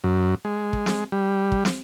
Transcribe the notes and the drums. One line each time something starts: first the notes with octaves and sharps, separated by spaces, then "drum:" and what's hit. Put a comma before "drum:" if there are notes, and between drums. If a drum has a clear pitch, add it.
F#2
G#3
drum: kick
drum: snare
G3
drum: kick
drum: snare